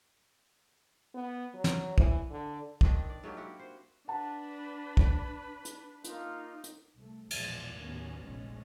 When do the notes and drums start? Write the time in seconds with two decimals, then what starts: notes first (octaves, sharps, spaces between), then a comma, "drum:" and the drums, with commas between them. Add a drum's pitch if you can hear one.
1.14 B3
1.54 F#3
1.64 drum: snare
1.98 E3, drum: kick
2.30 D3
2.81 D#3 C4 D4, drum: kick
3.10 D5
3.24 G#2 F#3 A#3 G4
3.37 E4 F#4 G4
3.59 C5
4.08 D4 B4 F#5 A5
4.97 drum: kick
5.65 drum: hi-hat
6.04 A#3 D#4 F4, drum: hi-hat
6.64 drum: hi-hat
6.96 C2 A3
7.30 A#1 E2 B2 F3 G#3, drum: cymbal
7.75 D#2 A2 D#3 F#3 B3 C#4
8.24 F1 A#1 C#3 G#3 C#4